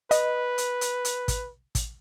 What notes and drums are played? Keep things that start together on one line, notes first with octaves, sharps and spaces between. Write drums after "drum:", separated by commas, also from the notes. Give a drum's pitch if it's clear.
B4 D#5, drum: hi-hat
drum: hi-hat
drum: hi-hat
drum: hi-hat
drum: kick, hi-hat
drum: kick, hi-hat